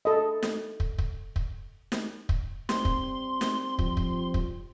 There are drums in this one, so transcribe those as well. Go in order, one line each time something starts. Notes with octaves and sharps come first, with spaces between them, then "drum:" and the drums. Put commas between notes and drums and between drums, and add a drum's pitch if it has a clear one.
A4 D#5
drum: snare
drum: kick
drum: kick
drum: kick
drum: snare
drum: kick
G3 C4 C6, drum: snare
drum: kick
drum: snare
F3, drum: kick
drum: kick
drum: kick